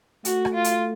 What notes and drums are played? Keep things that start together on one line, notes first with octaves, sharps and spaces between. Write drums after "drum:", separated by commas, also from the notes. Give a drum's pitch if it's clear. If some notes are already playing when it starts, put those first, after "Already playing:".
A3 F#4, drum: hi-hat
drum: rim click
F4
drum: hi-hat